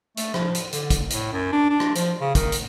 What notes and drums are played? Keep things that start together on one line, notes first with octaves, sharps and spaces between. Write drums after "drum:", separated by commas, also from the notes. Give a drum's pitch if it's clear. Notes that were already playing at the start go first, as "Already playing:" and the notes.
A3, drum: hi-hat
F3, drum: rim click
drum: hi-hat
D3, drum: hi-hat
drum: kick, hi-hat
A2, drum: hi-hat
F#2
D4
D4
drum: rim click
F3, drum: hi-hat
C#3
D#3, drum: kick, hi-hat
drum: hi-hat